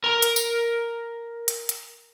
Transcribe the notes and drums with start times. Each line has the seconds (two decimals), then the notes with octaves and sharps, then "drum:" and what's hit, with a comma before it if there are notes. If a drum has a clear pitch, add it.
0.04 A#4 A#5
0.22 drum: hi-hat
0.36 drum: tambourine
1.48 drum: hi-hat
1.69 drum: hi-hat